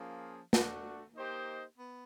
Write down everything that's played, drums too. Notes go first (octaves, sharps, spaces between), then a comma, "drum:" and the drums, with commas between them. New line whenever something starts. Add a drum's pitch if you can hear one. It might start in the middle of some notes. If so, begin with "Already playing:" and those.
Already playing: F3 A#3 C#4 F4 G#4
A3 D4 F#4, drum: snare
A#3 D#4 G4 C5 D#5
B3